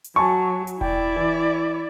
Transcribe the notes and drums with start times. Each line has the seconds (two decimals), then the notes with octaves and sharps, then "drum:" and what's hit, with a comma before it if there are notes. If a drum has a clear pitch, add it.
0.04 drum: hi-hat
0.16 F#3 G#5 A5 C#6
0.67 drum: hi-hat
0.81 E4 D5 G5, drum: kick E1
1.16 E3